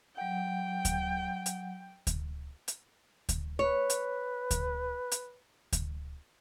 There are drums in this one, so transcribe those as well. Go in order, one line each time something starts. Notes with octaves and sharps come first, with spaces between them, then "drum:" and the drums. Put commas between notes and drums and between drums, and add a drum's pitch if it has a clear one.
F#3 F#5 G5
drum: kick D2, hi-hat
drum: hi-hat
drum: kick D2, hi-hat
drum: hi-hat
drum: kick D2, hi-hat
B4 C#5
drum: hi-hat
drum: kick D2, hi-hat
drum: hi-hat
drum: kick D2, hi-hat